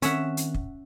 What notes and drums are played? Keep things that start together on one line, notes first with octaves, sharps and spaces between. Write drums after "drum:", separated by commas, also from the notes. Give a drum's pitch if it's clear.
D#3 C4 C#4 E5 F#5, drum: hi-hat
drum: hi-hat
drum: kick